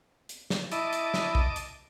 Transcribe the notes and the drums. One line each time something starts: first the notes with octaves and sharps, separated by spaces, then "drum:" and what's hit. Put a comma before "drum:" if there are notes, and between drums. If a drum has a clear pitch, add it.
drum: hi-hat
drum: snare
E4 D#5 A5 D6, drum: hi-hat
drum: hi-hat
drum: snare
drum: kick
drum: hi-hat